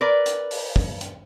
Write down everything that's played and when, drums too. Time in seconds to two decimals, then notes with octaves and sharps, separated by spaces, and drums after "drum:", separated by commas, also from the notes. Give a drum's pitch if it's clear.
0.01 A#4 B4 D5
0.26 drum: hi-hat
0.51 drum: open hi-hat
0.76 drum: kick
1.01 drum: hi-hat